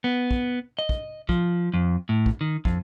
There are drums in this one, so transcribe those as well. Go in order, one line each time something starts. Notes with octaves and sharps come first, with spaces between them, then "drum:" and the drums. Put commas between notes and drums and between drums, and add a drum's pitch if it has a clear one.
B3
drum: kick
D#5
drum: kick
F3, drum: kick
F2
A2
drum: kick
D#3
F2, drum: kick